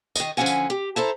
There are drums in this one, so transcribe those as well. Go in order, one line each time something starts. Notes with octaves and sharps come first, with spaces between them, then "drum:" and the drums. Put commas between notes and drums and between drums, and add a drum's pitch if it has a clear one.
D#3 D#5, drum: tambourine
D3 F3 B3 C#4 F#5 G#5
drum: tambourine
G4
E4 A4 C5 A#5